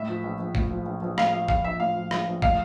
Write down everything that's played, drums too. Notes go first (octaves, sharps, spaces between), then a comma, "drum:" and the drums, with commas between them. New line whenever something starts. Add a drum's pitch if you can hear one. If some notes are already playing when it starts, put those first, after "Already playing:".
Already playing: A2 E5
F3
A#1
A#1
A2, drum: kick
F3
A#1
A#1
A2 F5, drum: rim click
F3 F5
A#1 F5, drum: kick
A#1 E5
A2 F5
F3
A#1, drum: rim click
A#1
A2 F5, drum: kick